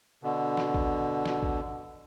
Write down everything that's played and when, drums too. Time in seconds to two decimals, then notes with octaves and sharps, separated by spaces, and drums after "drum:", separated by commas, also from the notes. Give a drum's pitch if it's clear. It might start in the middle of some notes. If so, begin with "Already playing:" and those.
0.23 B2 D3
0.57 drum: snare
0.74 drum: kick A1
1.25 drum: snare
1.43 drum: kick A1